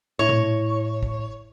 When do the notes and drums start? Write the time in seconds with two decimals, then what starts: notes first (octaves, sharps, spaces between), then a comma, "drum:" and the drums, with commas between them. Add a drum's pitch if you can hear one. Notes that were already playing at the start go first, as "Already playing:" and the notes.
0.19 A2 E4 C#5 C#6
0.29 drum: tom A#2
1.03 drum: kick